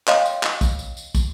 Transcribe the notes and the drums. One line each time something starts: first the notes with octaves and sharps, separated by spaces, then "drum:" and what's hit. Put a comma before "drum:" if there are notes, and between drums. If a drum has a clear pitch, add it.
C#5 D#5 F5 G5 C6, drum: clap
drum: tambourine
drum: clap
drum: kick, tambourine
drum: tambourine
drum: tambourine
drum: kick, tambourine